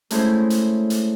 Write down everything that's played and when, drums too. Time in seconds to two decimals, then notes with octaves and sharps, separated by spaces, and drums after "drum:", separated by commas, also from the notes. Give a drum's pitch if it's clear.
0.10 G#3 A3 C#4 E4 G#4 C5, drum: hi-hat
0.50 drum: hi-hat
0.90 drum: hi-hat